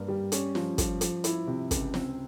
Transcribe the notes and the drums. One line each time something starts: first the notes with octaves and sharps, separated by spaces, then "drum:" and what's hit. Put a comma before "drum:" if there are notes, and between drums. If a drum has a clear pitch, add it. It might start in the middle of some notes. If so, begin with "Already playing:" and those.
Already playing: G2 A#3
G3
C#4, drum: hi-hat
F3, drum: snare
F3, drum: kick, hi-hat
F3, drum: hi-hat
E4, drum: hi-hat
C3
C#2, drum: kick, hi-hat
C4, drum: snare